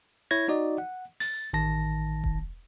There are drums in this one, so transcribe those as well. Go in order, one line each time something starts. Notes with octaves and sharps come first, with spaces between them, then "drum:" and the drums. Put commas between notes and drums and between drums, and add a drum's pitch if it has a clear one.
E4 C#5 G#6 A#6
D#4 F#4 D5 D#5
F#5
A6, drum: open hi-hat
A1 D#3 A5 A#6
drum: kick E1